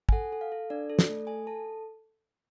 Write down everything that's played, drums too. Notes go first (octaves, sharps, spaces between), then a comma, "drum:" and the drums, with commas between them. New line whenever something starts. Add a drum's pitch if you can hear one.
G#5, drum: kick
A4 F#5
A4
F5
A4
D4 D5
A4
drum: snare
A3
A4 G#5
A4 A5